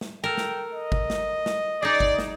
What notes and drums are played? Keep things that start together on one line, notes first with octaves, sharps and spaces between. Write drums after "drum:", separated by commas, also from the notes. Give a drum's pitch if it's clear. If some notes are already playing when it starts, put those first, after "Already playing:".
drum: snare
A4 A#4 G5
drum: snare
D#5
drum: kick G1
drum: snare
drum: snare
D#4 G#4 D5
drum: kick G1
drum: snare